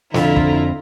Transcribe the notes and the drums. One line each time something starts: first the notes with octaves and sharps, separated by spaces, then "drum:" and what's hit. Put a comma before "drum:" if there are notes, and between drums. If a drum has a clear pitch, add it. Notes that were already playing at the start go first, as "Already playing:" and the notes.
F2 D3 E4 F4 A#5, drum: snare
drum: kick